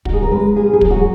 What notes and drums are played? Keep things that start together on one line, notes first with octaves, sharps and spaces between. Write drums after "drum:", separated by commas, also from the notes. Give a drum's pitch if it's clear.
D#3 F#4, drum: kick
G#4
A#4
G#3 B4
A#2 G#4
G#4
F#3 A#3, drum: kick
F#4